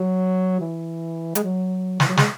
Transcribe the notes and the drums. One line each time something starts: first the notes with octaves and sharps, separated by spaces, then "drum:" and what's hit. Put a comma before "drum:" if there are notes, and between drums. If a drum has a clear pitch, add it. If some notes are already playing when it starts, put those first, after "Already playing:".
Already playing: F#3
E3
G#3, drum: hi-hat
F#3
E3, drum: snare
F#3
G#3, drum: snare